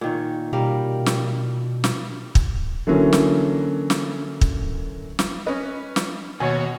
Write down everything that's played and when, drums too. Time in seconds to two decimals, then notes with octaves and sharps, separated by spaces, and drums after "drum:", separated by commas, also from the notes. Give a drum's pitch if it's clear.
0.01 A#2 D#3 C#5
0.53 B2 G3 A#4 F5
1.06 drum: snare
1.84 drum: snare
2.35 drum: kick
2.87 D3 E3 F#3 A#3 C#4
3.13 drum: snare
3.90 drum: snare
4.41 drum: kick
5.19 drum: snare
5.46 C#4 B4 D#5
5.96 drum: snare
6.40 D#2 B2 F#4 C#5 G#5 C#6